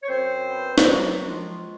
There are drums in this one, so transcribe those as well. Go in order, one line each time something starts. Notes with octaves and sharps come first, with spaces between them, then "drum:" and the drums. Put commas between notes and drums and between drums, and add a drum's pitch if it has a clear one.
C#5
F#2 C4 C5
B3
drum: snare
D#3 F#3 F#4
F3 G#3 F4